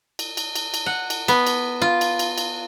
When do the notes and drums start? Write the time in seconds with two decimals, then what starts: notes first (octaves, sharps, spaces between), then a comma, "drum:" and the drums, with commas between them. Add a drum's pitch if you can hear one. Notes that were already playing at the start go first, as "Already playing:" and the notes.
0.19 drum: cymbal
0.37 drum: cymbal
0.55 drum: cymbal
0.74 drum: cymbal
0.86 F#5
1.10 drum: cymbal
1.28 B3, drum: cymbal
1.47 drum: cymbal
1.82 F4
2.01 drum: cymbal
2.19 drum: cymbal
2.38 drum: cymbal